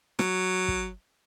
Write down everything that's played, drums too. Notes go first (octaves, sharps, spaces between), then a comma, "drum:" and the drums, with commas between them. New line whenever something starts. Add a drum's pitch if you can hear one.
F#3, drum: rim click
drum: kick